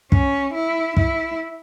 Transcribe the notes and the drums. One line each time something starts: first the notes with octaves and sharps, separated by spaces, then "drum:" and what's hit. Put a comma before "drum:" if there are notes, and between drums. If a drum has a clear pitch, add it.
C#4, drum: kick
E4
E4, drum: kick